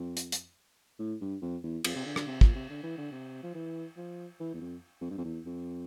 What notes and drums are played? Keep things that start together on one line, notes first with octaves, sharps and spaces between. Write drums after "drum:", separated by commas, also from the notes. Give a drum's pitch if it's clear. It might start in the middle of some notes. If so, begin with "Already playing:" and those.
Already playing: F2
drum: hi-hat
drum: hi-hat
A2
G2
F2
E2
F2, drum: cymbal
C3
D3
D3, drum: rim click
C3
A#2, drum: kick
C3
D3
E3
D3
C3
F3
E3
F3
E3
E2
F2
F2
G2
F2
E2
F2